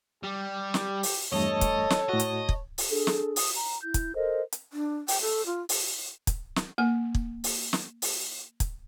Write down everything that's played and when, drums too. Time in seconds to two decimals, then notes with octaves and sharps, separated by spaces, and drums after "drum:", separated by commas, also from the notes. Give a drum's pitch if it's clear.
0.24 G3 G4
0.74 drum: snare
1.03 drum: open hi-hat
1.32 E2 G2 A3 A4 C#5 D#5 A5
1.61 drum: kick, hi-hat
1.90 drum: snare
2.09 A2 F#4 D#5
2.20 drum: hi-hat
2.49 drum: kick
2.78 drum: open hi-hat
2.90 D4 G#4 A4
3.07 drum: snare
3.36 D#6, drum: open hi-hat
3.57 A#5
3.83 E4 G6
3.94 drum: kick, hi-hat
4.15 A4 A#4 C5 D#5
4.52 drum: hi-hat
4.73 D4
5.08 G5, drum: open hi-hat
5.22 A4
5.46 F4
5.69 drum: open hi-hat
6.27 drum: kick, hi-hat
6.56 drum: snare
6.78 A#3 G#5
7.15 drum: kick
7.44 drum: open hi-hat
7.73 drum: snare
8.02 drum: open hi-hat
8.60 drum: kick, hi-hat